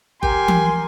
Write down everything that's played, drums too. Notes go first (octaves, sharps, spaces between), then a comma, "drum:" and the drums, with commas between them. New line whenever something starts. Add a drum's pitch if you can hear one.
G4 A#4 G#5 C6, drum: kick F#1
drum: tom E3